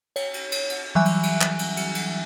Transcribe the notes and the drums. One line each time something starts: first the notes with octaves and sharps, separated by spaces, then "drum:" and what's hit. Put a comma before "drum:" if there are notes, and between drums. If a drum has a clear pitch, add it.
C#5, drum: cymbal
drum: cymbal
drum: cymbal
drum: cymbal
E3 F#3 G3 E5 G#5 F#6
drum: cymbal
drum: cymbal
drum: clap
drum: cymbal
drum: cymbal
drum: cymbal